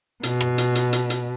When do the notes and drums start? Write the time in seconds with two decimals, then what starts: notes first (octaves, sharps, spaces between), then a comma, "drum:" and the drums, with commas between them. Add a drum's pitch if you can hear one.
0.23 B2, drum: hi-hat
0.41 drum: rim click
0.58 drum: hi-hat
0.75 drum: hi-hat
0.93 drum: hi-hat
1.10 drum: hi-hat